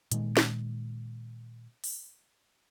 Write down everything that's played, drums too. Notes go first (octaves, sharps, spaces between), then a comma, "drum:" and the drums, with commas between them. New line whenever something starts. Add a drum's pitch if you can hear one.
A#2 D#3 G#3, drum: hi-hat
drum: snare
drum: open hi-hat